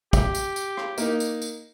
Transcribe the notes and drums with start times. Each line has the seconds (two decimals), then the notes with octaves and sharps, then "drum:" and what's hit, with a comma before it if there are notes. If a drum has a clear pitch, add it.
0.13 G4, drum: kick, tambourine
0.35 drum: tambourine
0.56 drum: tambourine
0.77 drum: rim click
0.98 A#3 D#4, drum: tambourine
1.20 drum: tambourine
1.42 drum: tambourine